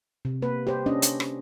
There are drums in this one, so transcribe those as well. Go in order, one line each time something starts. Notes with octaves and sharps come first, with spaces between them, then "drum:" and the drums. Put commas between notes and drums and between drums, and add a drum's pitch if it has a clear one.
C3
A#3 B4
G4 C5
C#4 D4 D#5
drum: hi-hat
drum: rim click